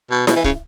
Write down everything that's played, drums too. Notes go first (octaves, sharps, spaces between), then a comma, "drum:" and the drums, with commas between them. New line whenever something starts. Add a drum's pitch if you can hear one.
B2
B2, drum: snare E4
E3
C#3, drum: kick